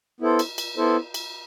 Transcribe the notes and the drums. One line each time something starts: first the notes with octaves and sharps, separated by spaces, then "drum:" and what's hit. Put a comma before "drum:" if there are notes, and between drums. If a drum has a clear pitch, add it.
B3 E4 A4 C5
drum: cymbal
drum: cymbal
B3 E4 A4 C5
drum: cymbal